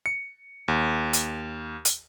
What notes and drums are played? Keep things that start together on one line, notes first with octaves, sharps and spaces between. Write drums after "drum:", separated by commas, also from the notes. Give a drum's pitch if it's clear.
C#7
D#2
drum: hi-hat
drum: hi-hat